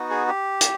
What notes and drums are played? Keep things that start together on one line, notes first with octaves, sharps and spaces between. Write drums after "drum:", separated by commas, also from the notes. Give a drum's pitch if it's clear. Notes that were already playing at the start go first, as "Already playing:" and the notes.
Already playing: B3 D#4 F#4
G#4
G4
drum: hi-hat